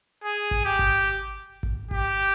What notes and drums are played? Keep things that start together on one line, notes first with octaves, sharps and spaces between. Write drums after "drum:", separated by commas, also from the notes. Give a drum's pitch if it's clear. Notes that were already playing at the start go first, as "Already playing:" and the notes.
G#4
drum: kick G#1
G4
drum: kick G#1
drum: kick G#1
G4, drum: kick G#1